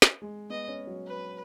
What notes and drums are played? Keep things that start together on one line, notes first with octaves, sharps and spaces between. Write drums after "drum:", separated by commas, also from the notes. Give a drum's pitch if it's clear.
drum: snare
G#3
B3 D#5
C#4
F#3
B4